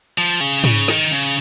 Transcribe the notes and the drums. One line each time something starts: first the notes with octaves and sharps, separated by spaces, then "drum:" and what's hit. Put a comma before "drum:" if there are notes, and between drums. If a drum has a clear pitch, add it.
F3
C#3
C#3, drum: tom G#2
D#3, drum: snare
C#3